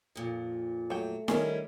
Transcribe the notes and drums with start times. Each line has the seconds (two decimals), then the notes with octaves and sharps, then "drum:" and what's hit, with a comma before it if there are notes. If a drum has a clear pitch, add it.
0.16 F2 A#2
0.90 F#3 A3 C#5 G5
1.28 D#3 G3 C#4 D4 E4 G#4 A#4, drum: snare D#4